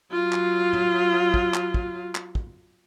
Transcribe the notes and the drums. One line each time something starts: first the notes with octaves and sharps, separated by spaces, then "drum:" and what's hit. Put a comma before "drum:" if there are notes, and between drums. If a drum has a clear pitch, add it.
F#3 F4
drum: clap
drum: tom
drum: kick
drum: clap
drum: kick
drum: clap
drum: kick